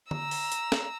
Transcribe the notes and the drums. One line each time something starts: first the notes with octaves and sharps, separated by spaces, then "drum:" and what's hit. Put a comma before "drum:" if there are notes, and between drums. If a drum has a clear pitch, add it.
A#5 E6, drum: tom D3
drum: open hi-hat
drum: hi-hat
drum: snare